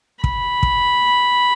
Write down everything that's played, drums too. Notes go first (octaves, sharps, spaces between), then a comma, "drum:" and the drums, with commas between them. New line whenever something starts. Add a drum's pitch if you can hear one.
B5, drum: kick
drum: kick